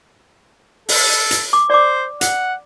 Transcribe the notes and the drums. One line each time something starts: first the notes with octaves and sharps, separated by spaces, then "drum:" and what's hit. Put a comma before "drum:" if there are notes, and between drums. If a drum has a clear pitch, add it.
A4, drum: open hi-hat
drum: hi-hat
D6
C5 D5 D6
F#5, drum: hi-hat